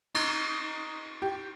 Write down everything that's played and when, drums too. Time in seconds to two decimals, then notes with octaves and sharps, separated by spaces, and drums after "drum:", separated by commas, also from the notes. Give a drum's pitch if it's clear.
0.15 D#4, drum: cymbal
1.22 G4